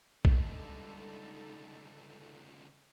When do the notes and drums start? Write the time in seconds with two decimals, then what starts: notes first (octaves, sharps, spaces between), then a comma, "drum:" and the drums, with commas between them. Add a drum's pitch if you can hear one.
0.25 C#2 D3 G3 D#4 A4, drum: kick